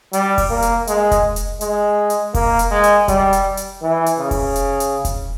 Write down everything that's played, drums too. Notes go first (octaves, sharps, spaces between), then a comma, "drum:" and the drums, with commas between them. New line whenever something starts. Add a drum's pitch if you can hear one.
G3, drum: hi-hat
drum: kick F1, open hi-hat
A#3
drum: hi-hat
G#3, drum: hi-hat
drum: kick F1, hi-hat
drum: hi-hat
G#3, drum: hi-hat
drum: hi-hat
A#3, drum: kick F1, open hi-hat
drum: hi-hat
G#3
drum: hi-hat
G3, drum: kick F1, hi-hat
drum: hi-hat
drum: hi-hat
E3
drum: hi-hat
C#3
drum: kick F1, open hi-hat
drum: hi-hat
drum: hi-hat
drum: kick F1, hi-hat